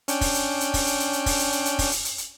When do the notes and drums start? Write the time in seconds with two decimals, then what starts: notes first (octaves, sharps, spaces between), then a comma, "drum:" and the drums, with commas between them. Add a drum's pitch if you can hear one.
0.08 C#4 D4 G5, drum: hi-hat
0.21 drum: kick, open hi-hat
0.34 drum: hi-hat
0.61 drum: hi-hat
0.74 drum: kick, open hi-hat
0.87 drum: hi-hat
1.00 drum: hi-hat
1.13 drum: hi-hat
1.26 drum: kick, open hi-hat
1.39 drum: hi-hat
1.52 drum: hi-hat
1.65 drum: hi-hat
1.79 drum: kick, open hi-hat
1.92 drum: hi-hat
2.05 drum: hi-hat
2.18 drum: hi-hat